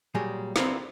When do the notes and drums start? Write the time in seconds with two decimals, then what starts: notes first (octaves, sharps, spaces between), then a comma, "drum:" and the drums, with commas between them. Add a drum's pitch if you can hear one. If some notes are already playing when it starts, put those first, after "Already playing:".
0.15 A#2 F#3 G3 G#4
0.56 D2 B3 C4 E4 A#4 F5, drum: snare